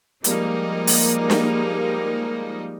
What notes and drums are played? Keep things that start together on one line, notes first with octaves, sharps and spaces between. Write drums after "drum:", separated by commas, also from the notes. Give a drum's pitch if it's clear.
F3 G3 G#3 A#3 D#4, drum: hi-hat
drum: open hi-hat
drum: snare